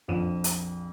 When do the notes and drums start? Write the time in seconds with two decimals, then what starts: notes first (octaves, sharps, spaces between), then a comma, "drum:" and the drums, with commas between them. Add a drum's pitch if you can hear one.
0.08 A#1 F2 D#7 E7
0.44 drum: hi-hat